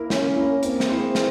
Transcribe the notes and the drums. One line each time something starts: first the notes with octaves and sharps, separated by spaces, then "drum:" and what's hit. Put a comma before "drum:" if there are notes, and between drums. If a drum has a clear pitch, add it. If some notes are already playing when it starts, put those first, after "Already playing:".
Already playing: A#3 E4 A#4
A#3 C#4, drum: snare
E4 A#4
A#3 C4, drum: hi-hat
drum: snare
E4 G#4 C5
A#3, drum: snare